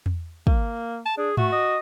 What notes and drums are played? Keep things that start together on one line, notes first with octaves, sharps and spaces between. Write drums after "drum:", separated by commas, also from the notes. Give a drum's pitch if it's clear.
drum: tom E2
A#3, drum: kick
A5
D4 G#4
A3 F#4, drum: tom G#2
D#5